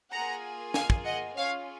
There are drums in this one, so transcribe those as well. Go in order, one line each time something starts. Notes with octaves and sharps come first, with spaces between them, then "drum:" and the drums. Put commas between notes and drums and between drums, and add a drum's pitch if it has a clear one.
A#3 F4 G#4 F#5 A#5
F5 G#5, drum: snare
drum: kick
D#5 F#5
C#4 F4 G#4 C#5 F5